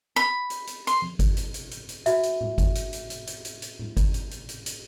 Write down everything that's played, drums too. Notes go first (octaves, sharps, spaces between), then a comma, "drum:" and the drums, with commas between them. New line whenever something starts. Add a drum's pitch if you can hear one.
B5
drum: hi-hat
drum: hi-hat
C6, drum: hi-hat
drum: tom F3
drum: kick G1, hi-hat
drum: hi-hat
drum: hi-hat
drum: hi-hat
drum: hi-hat
F#4 E5, drum: hi-hat
drum: hi-hat
drum: tom A2
drum: kick G1, hi-hat
drum: hi-hat
drum: hi-hat
drum: hi-hat
drum: hi-hat
drum: hi-hat
drum: hi-hat
drum: tom A2
drum: kick G1, hi-hat
drum: hi-hat
drum: hi-hat
drum: hi-hat
drum: hi-hat